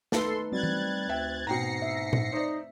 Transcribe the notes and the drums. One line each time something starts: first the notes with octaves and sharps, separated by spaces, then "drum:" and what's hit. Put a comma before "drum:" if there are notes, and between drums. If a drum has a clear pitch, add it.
A3 D#4 A4 B4 C6, drum: snare
F#3 G3 C4 F#6 G#6 A6
drum: tom E3
D2 E5 G5
G#2 B2 G5 A#5 A#6 C7 C#7
E5
drum: tom A#2
D#4 C5 D5